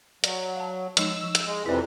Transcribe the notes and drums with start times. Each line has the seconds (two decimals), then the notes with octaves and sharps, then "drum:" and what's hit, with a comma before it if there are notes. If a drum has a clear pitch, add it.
0.24 F#3 D5, drum: hi-hat
0.56 F5 A5
0.97 F3 G#3 D#4 E6, drum: hi-hat
1.24 F3
1.35 drum: hi-hat
1.46 G#3
1.66 F2 C3 E3 E4 D5